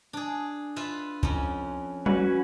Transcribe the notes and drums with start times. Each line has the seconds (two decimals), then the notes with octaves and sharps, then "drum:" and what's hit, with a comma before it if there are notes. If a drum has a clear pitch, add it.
0.13 D4 G#4
0.76 F4 B4 E5
1.23 F2 C#4, drum: kick C#2
2.06 C#4 F#4 B4, drum: tom F#3